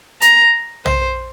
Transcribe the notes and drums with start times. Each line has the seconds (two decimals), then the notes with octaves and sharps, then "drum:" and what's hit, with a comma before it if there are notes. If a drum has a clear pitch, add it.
0.22 A#5, drum: hi-hat
0.86 C5, drum: tom